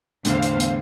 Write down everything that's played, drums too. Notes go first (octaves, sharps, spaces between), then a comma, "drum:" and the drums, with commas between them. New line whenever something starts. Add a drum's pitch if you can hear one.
E2 A2 D3 C5 F5, drum: hi-hat
drum: hi-hat
drum: hi-hat